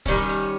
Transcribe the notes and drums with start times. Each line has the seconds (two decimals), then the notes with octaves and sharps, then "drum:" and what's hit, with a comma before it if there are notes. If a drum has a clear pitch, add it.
0.06 D#3 G3 C#4, drum: kick C#1, hi-hat
0.29 drum: hi-hat